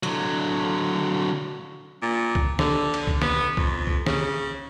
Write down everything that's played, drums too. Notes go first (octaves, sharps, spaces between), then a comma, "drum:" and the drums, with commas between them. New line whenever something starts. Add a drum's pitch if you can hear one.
D3 F#3, drum: hi-hat
A#2
drum: kick C2
D3, drum: snare
drum: cymbal
drum: kick C2
B3, drum: snare
F2, drum: kick C2
drum: kick C2
C#3, drum: snare